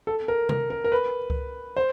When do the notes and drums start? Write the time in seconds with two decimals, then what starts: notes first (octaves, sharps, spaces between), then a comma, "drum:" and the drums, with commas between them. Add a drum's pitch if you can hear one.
0.07 A4
0.28 A#4
0.49 A#4, drum: tom C3
0.70 A#4
0.84 A#4
0.92 B4
1.30 drum: kick C#2
1.76 C5